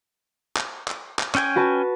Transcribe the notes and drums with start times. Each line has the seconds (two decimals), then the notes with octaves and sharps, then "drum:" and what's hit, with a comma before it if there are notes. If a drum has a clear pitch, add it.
0.57 drum: clap
0.88 drum: clap
1.19 drum: clap
1.35 C#4 G5 G#5, drum: clap
1.56 F#4 B4 A5